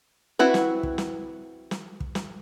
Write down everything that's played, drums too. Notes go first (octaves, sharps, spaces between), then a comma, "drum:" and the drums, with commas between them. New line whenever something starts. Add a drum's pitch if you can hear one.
C4 E4 F#4 B4
drum: snare
drum: kick
drum: snare
drum: snare
drum: kick
drum: snare